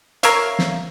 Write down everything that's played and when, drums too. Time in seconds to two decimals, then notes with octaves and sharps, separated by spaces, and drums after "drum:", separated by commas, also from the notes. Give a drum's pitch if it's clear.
0.23 A#4 C#5 E5 F5, drum: hi-hat
0.59 drum: snare